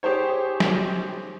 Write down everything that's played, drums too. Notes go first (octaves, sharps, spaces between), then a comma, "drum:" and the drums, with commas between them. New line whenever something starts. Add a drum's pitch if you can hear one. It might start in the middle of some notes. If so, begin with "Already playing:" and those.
G4 G#4 C5 C#5
drum: snare